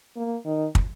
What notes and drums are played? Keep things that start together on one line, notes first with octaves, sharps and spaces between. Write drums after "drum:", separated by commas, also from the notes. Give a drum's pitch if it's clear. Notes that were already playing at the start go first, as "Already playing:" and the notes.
A#3
D#3
drum: kick